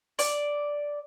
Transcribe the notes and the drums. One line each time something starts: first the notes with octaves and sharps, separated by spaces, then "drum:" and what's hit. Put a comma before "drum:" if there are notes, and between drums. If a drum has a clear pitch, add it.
D5, drum: open hi-hat